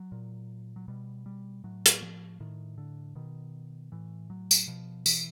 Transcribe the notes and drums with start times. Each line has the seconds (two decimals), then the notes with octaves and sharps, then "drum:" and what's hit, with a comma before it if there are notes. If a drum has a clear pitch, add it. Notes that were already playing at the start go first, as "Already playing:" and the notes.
Already playing: F#3
0.12 A#2
0.76 F#3
0.88 B2 G3
1.26 G3
1.64 A2 F#3
1.86 drum: hi-hat
2.02 F3
2.40 A2 D#3
2.78 D3
3.15 B2 D#3
3.92 A2 E3
4.30 F#3
4.51 drum: tambourine
4.68 B2 F3
5.06 E3, drum: tambourine